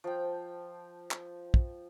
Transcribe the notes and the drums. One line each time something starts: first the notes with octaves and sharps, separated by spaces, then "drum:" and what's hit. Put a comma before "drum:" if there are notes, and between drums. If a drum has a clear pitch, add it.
F3 G5
drum: clap
drum: kick